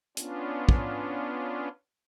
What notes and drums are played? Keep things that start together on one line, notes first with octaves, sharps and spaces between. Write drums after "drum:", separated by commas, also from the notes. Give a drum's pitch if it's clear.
B3 C#4 D4 F4, drum: hi-hat
drum: kick